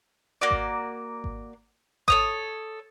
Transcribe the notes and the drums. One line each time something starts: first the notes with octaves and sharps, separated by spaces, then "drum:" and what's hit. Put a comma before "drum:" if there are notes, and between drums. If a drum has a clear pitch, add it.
A#3 F#4 D5
drum: kick G#1
drum: kick G#1
A4 C#5 D#6, drum: kick G#1